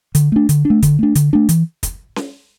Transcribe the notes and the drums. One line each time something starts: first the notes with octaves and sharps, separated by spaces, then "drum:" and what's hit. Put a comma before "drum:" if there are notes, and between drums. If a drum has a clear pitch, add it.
D3, drum: hi-hat
A3 D4
D3, drum: hi-hat
D4
A3
D3, drum: kick, hi-hat
A3 D4
D3, drum: hi-hat
A3 D4
E3, drum: hi-hat
drum: kick, hi-hat
drum: snare C#4